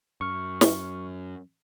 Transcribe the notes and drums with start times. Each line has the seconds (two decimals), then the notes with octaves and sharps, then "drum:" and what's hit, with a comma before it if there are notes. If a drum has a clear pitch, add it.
0.21 F#2 C#6 F6
0.61 drum: snare